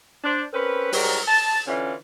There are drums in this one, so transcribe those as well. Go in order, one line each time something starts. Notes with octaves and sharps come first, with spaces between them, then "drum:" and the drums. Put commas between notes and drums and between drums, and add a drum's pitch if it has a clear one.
D4 C5
C4 C#4 A#4 B4
G#2 F#3 G3 A#4, drum: open hi-hat
A5
D3 E3 C#4 F4